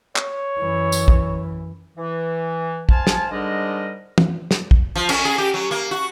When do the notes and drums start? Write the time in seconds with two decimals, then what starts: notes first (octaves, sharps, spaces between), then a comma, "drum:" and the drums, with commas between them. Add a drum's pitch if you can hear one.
0.16 C#5, drum: clap
0.60 F#2 E3
0.92 drum: tambourine
1.08 drum: kick
1.97 E3
2.89 C5 F5 G#5 A5, drum: kick
3.07 drum: snare
3.31 G#2 D3 G3 D4 A#4 D#5
4.18 drum: tom
4.51 drum: snare
4.71 drum: kick
4.95 F3
5.09 C#4, drum: cymbal
5.25 G#4
5.38 G4
5.54 F#3
5.71 A#3
5.91 F#4